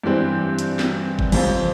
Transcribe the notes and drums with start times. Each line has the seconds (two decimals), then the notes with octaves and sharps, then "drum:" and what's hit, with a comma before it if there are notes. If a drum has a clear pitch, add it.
0.04 G2 E3 G3 C4
0.59 drum: hi-hat
0.79 drum: snare
1.19 drum: kick
1.32 F2 C3 F3, drum: cymbal